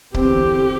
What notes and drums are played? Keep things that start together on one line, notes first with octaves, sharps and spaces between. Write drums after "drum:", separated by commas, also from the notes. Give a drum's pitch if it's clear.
E2 D3 C4 G4, drum: kick C#1